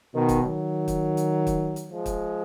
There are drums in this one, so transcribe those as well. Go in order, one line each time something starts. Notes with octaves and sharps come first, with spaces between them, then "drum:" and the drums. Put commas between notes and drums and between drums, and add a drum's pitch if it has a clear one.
B2 D#3
drum: kick, hi-hat
D#3 F#3
drum: kick, hi-hat
drum: hi-hat
drum: kick, hi-hat
drum: hi-hat
F3 G#3
drum: kick, hi-hat